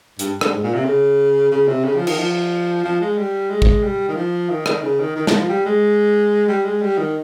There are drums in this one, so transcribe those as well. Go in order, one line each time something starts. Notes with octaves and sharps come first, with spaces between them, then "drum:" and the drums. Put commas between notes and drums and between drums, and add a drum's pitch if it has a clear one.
G2, drum: hi-hat
G2, drum: rim click
G#2
A#2
C3
C#3
C#3
C3
C#3
F3
D#3, drum: cymbal
F3
F3
G#3
G3
G#3
drum: kick
G3
D#3
F3
D#3
D#3, drum: rim click
C#3
D#3
D#3
D#3, drum: snare
F3
G3
G#3
G3
G#3
G3
D#3